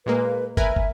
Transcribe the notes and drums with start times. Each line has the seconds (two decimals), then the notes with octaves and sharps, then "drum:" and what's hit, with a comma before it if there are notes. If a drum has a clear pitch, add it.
0.06 A#2 G#3 A#3 B4
0.57 A#4 B4 E5 G#5, drum: kick
0.76 drum: kick